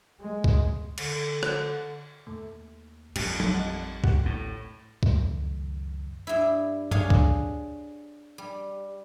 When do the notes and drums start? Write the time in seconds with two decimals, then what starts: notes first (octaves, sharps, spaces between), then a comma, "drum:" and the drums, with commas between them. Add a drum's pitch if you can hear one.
0.20 G#3
0.44 drum: kick C#2
0.98 D3, drum: cymbal
1.43 drum: rim click
2.27 D#2 A3
3.16 A1 F2 G4, drum: cymbal
3.40 drum: tom
3.54 G3 D#4 F#5
4.04 G4 F#5, drum: kick C#2
4.26 A2
5.03 C#2 F#2 D#3 A3, drum: kick C#2
6.27 G2 E4
6.91 D4 G#4 C#5 F5, drum: tom G2
7.10 drum: kick C#2
8.38 G3